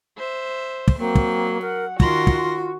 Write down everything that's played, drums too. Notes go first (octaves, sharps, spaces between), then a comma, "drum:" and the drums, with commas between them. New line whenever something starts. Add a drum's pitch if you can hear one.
C5 E5
drum: kick
F#3 A#3 C4
drum: kick
A#4 F#5
D#3 F4 F#4 C6 A#6, drum: kick
drum: kick